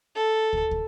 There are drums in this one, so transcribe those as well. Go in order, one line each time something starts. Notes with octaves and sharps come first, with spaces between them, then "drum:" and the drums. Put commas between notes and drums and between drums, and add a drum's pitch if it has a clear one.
A4
drum: kick
drum: kick